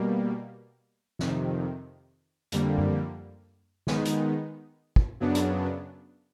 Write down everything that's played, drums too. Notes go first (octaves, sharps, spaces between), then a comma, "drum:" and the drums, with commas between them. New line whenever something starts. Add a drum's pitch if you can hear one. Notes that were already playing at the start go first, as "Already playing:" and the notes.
Already playing: B2 G3 A#3
F2 C3 D#3, drum: snare
F2 D3 G3 A#3, drum: hi-hat
drum: tom F#2
D#3 G#3 B3 D#4, drum: snare
drum: hi-hat
drum: kick
F#2 C#3 F#3 B3 D4
drum: hi-hat